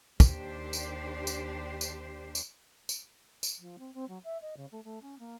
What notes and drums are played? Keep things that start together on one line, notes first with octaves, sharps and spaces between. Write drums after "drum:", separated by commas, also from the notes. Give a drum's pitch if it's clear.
D#2 D4 G4 C5, drum: kick, tambourine
drum: tambourine
drum: tambourine
drum: tambourine
drum: tambourine
drum: tambourine
drum: tambourine
F3
C4
C4
F#3
E5
D#5
C#3
A3
A3
C#4
A#3